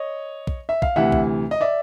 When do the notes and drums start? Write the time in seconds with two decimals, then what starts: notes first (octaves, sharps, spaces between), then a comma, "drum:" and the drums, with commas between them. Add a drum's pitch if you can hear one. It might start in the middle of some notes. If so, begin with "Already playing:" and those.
Already playing: C#5 D#5
0.47 drum: kick
0.69 E5
0.82 F5, drum: kick
0.96 D2 C3 E3 E5 F#5
1.12 drum: kick
1.51 D#5
1.61 D5 E5